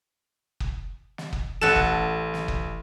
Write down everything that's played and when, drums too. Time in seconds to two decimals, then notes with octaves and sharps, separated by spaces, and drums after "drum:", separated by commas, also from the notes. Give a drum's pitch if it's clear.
0.60 drum: kick
1.18 drum: snare
1.33 drum: kick
1.61 A1 A4 F#5 E7
1.76 drum: kick
2.34 drum: snare
2.48 drum: kick